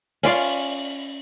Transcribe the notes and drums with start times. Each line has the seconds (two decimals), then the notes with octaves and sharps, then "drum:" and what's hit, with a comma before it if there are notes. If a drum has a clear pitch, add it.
0.23 C#4 F4 D5 F5, drum: open hi-hat